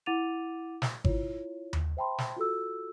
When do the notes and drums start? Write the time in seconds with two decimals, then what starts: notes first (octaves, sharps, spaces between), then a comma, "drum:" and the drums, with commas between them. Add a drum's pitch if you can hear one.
0.06 E4 F#5 D6 A6 D#7 F7
0.82 drum: snare
1.05 E4 F4 C#5, drum: kick G#1
1.73 drum: tom D#2
1.97 C5 E5 G5 A5 B5 C6
2.18 drum: snare
2.37 F4 F#4 A4 E6